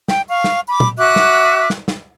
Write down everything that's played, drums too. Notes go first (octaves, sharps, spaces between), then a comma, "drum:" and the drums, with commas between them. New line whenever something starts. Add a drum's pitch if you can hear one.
G5, drum: snare
F5 C#6
drum: snare
B5 D6
drum: tom A#2
F#4 E5 D6 F#6
drum: snare
drum: snare
drum: snare